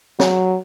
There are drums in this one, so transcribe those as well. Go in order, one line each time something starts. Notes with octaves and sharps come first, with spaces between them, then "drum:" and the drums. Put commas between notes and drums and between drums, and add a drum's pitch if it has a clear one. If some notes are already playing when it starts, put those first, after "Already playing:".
F#3, drum: snare